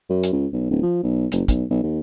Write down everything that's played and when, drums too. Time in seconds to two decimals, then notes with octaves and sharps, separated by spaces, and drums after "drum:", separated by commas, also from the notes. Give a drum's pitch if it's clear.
0.09 F#2
0.24 drum: hi-hat
0.33 C#2
0.53 B1
0.70 D1
0.83 F3
1.03 B1
1.32 F#1, drum: hi-hat
1.48 B1, drum: kick, hi-hat
1.70 B1
1.83 D#2